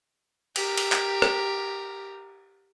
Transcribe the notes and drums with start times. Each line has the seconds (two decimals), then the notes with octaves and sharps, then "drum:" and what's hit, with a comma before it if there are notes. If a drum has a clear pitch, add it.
0.56 G4 A#4, drum: cymbal
0.78 drum: cymbal
0.92 drum: clap
1.22 drum: rim click